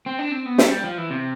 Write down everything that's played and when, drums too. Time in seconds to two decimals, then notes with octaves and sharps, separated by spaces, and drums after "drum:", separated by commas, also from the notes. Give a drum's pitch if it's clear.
0.06 C4
0.19 D4
0.32 C4
0.46 B3
0.58 A3, drum: snare
0.71 G3
0.84 F3
0.98 E3
1.10 C3